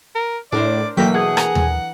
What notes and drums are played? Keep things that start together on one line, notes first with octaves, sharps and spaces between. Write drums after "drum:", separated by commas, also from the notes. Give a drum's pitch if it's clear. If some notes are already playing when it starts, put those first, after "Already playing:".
A#4
A2 D4 A#4 C5 D5
B2 E3 F#3 A3 A#3 A#4 G5 B6
G#4 F#5
A#5, drum: rim click
drum: tom D#2